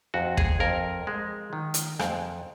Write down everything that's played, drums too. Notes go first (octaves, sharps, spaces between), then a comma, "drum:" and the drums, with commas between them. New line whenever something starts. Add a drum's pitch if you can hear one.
F2 F#4
G#4, drum: kick
F2 A#4
G#3
D#3
drum: hi-hat
F2, drum: rim click